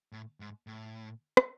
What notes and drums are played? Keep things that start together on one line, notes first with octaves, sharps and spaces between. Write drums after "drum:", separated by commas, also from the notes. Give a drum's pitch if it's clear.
A2
G#2
A2
drum: rim click